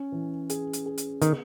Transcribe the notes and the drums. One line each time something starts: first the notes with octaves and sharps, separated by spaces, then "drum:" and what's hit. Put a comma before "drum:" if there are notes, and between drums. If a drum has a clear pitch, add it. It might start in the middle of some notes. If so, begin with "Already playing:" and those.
Already playing: C#4
E3
G#4, drum: hi-hat
drum: hi-hat
G#4
drum: hi-hat
D#3 B3, drum: hi-hat